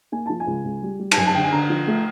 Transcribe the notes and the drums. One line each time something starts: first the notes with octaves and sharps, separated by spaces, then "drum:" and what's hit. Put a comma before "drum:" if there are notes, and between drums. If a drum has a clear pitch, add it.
A#3 G#5
F3 A5
G#5
C#2
C#2
G3
G3
A5, drum: cymbal
F#2 G#5
A5
D3 G5
G#5
D3 A#5
F3
A3